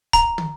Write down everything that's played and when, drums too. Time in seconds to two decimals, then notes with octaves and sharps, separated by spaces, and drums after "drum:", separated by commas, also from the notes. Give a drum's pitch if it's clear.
0.13 A#5, drum: kick, hi-hat
0.38 drum: tom